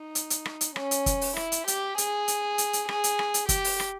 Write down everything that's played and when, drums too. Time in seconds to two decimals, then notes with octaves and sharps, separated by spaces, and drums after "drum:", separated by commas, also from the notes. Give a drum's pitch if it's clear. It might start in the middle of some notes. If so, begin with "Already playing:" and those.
Already playing: D#4
0.15 drum: hi-hat
0.30 drum: hi-hat
0.45 drum: rim click
0.61 drum: hi-hat
0.76 C#4, drum: rim click
0.91 drum: hi-hat
1.06 drum: kick, hi-hat
1.21 drum: open hi-hat
1.37 E4, drum: rim click
1.52 drum: hi-hat
1.68 G4, drum: hi-hat
1.98 G#4, drum: hi-hat
2.28 drum: hi-hat
2.58 drum: hi-hat
2.73 drum: hi-hat
2.89 G#4, drum: rim click
3.04 drum: hi-hat
3.19 drum: rim click
3.34 drum: hi-hat
3.49 G4, drum: kick, hi-hat
3.64 drum: open hi-hat
3.80 drum: rim click